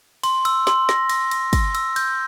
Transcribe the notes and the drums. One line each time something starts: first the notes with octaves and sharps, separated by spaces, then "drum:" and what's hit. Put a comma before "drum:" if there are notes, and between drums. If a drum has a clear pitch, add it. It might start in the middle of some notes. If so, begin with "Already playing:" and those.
C6, drum: cymbal
E6, drum: cymbal
C6, drum: snare
A#6, drum: snare
A#6, drum: cymbal
A#6, drum: cymbal
A#6, drum: kick, cymbal
E6, drum: cymbal
G6, drum: cymbal